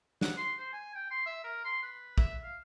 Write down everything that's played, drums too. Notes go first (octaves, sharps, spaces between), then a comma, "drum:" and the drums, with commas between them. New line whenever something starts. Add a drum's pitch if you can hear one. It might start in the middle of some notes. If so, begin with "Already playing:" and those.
F#5, drum: snare
C6
C5
G#5
G5
C6
E5
A#4
C6
B4
E5, drum: kick
F5